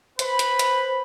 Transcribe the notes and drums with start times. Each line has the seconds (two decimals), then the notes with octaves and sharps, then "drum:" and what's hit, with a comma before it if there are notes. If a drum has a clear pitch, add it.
0.19 B4 C5 B5, drum: hi-hat
0.39 drum: hi-hat
0.59 drum: hi-hat